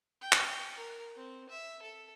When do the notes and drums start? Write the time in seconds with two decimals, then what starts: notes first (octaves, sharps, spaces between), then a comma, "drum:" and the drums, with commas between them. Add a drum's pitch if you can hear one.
0.21 G5
0.32 drum: clap
0.77 A#4
1.16 C4
1.49 E5
1.82 A4